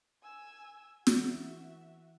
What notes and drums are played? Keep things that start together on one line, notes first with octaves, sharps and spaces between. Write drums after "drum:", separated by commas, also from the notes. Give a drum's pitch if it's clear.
G#5 E6
E3 F#4 E5, drum: snare